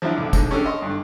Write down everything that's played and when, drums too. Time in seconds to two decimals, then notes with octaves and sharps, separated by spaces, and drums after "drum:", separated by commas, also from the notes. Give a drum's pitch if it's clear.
0.02 F3 F#3 D4 E4
0.16 B1 D3
0.33 G#2 D3, drum: kick, tambourine
0.50 G#3 C#4 D4 G4 A4
0.66 D#5 C6 C#6
0.82 G2 D3